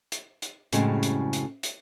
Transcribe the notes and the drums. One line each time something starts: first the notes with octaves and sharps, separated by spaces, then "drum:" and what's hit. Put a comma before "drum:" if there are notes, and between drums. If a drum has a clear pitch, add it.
drum: hi-hat
drum: hi-hat
F#2 A2 C#3 G3 G#3 C4, drum: hi-hat
drum: hi-hat
drum: hi-hat
drum: hi-hat